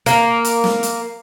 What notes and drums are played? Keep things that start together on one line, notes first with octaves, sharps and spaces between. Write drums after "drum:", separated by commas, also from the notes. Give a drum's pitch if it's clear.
A#3, drum: hi-hat
drum: hi-hat
drum: snare
drum: hi-hat